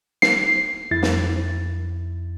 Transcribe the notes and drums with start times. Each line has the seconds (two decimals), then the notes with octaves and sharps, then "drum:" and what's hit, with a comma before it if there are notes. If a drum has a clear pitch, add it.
0.22 C7, drum: snare
0.91 F2 E4 A6
1.03 drum: snare